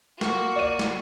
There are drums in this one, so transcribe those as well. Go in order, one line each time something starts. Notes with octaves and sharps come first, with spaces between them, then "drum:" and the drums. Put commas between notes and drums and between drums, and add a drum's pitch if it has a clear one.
A#3 F#4 C#6, drum: snare
D5 D#7
drum: snare